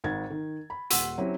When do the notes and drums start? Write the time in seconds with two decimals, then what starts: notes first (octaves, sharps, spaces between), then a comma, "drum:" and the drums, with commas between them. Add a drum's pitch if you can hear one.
0.04 G#1 G#2 G#6 A6
0.30 D#3
0.70 B5
0.90 D#1 F#5 C6 E6 B6 D#7, drum: hi-hat
1.18 F#3 C4 C#4 E4 G4